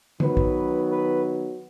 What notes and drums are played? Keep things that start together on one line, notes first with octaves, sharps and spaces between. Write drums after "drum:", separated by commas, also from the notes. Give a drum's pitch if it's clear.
D#3 F#3 B3 B4, drum: tom
drum: kick A#1
B4